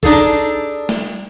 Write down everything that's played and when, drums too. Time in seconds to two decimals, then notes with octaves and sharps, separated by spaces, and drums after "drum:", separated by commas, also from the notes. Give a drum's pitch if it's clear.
0.03 D4 D#4 G#4 A4, drum: kick
0.89 drum: snare